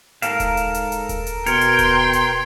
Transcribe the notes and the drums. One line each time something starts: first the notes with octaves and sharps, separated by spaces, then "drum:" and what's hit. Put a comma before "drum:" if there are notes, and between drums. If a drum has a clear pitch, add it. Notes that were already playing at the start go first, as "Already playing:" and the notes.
G#2 A4 A#4 F5 E7, drum: hi-hat
drum: kick D#1, hi-hat
drum: hi-hat
drum: hi-hat
drum: hi-hat
drum: kick D#1, hi-hat
drum: hi-hat
B2 A#4 G5 C6 G#6 C#7 F7, drum: hi-hat
drum: hi-hat
drum: kick D#1, hi-hat
drum: hi-hat